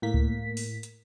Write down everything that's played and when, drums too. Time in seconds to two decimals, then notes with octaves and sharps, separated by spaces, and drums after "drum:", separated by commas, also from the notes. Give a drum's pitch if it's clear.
0.02 A2 A#3 B6
0.14 drum: kick C#2
0.57 drum: open hi-hat
0.83 drum: hi-hat